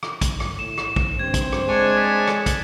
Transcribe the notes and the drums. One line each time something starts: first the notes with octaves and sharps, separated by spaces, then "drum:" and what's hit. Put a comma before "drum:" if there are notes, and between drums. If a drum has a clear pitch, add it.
drum: rim click
drum: kick, hi-hat
drum: rim click
A2 E7
drum: rim click
drum: kick
G2 C4 C5 G#6
drum: kick, hi-hat
drum: rim click
G#3 D4 C#5 G#5
D#6 A6 B6
drum: rim click
drum: kick, hi-hat